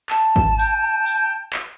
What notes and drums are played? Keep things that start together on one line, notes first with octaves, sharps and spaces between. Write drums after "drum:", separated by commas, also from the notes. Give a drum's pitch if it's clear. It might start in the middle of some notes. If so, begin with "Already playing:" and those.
A5, drum: clap
drum: kick G#1
G5, drum: tambourine
drum: tambourine
drum: clap